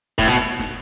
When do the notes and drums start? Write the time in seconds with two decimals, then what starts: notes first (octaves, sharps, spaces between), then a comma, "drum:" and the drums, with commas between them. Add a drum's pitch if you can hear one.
0.18 A2, drum: kick
0.27 B2
0.59 drum: snare